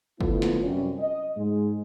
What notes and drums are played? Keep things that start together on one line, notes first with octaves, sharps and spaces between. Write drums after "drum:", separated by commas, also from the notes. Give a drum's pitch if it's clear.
D3 F3 A3 B3 E4 F4, drum: kick
drum: snare
F#2 C3 G3 C#4
D#5
G#2 G#3